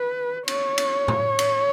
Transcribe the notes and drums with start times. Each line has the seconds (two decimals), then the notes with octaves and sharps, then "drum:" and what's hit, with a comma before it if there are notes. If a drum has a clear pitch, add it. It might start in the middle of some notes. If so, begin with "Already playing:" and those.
Already playing: B4
0.48 C#5, drum: cymbal
0.78 drum: cymbal
1.08 drum: tom A2
1.39 drum: cymbal